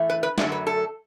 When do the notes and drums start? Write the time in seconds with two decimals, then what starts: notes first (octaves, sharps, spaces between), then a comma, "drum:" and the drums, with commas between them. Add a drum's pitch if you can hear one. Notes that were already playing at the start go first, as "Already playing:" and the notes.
Already playing: A2 E3 A3
0.10 B4
0.23 B4
0.38 F#2 D3 F#3 A3 D5, drum: snare
0.52 B4
0.67 A4